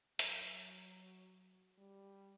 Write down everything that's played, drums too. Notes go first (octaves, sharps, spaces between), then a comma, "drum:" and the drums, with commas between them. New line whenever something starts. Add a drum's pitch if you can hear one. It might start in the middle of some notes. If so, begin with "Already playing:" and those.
F#3, drum: hi-hat
G3